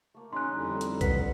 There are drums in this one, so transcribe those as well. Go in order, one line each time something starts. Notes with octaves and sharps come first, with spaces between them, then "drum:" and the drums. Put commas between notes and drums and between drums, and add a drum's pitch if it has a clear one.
A3 A#3
C#4 D#4 G#4 E5 C6 F#6
F2 D3 G3 E4
drum: hi-hat
F#3 B4 F#5 G5 B6, drum: kick, hi-hat